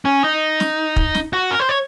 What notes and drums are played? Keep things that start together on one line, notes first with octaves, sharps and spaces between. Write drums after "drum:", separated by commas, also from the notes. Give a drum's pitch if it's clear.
C#4
D#4
drum: snare
drum: kick
drum: snare
F#4
A#4
C5
C#5